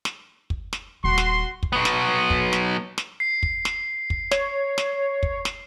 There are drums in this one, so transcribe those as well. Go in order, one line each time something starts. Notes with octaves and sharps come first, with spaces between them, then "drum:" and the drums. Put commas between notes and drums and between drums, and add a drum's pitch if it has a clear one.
drum: snare
drum: kick
drum: snare
D#1 F#4 C6
drum: snare
drum: kick
F#3 B3
drum: snare
drum: kick
drum: snare
drum: snare
C7
drum: kick
drum: snare
drum: kick
C#5, drum: snare
drum: snare
drum: kick
drum: snare